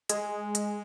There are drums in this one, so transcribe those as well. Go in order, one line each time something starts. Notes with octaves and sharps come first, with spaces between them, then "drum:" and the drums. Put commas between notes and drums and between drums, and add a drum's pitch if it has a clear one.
G#3, drum: hi-hat
drum: hi-hat